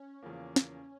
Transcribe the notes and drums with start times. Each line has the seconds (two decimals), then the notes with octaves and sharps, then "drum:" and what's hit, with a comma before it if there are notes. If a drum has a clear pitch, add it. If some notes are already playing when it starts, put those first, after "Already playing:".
Already playing: C#4
0.23 E2 C#3 F3 A#3
0.56 C#4, drum: snare